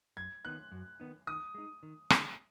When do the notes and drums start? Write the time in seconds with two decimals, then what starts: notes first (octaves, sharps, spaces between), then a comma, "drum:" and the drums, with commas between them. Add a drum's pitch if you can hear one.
0.17 F#2 G#6
0.44 D#3 B3 D#4 F#6
0.72 F#2
1.00 D#3 B3 D#4
1.27 D#3 D#6
1.55 G#3 D#4
1.83 D#3
2.10 G#3 D#4, drum: rim click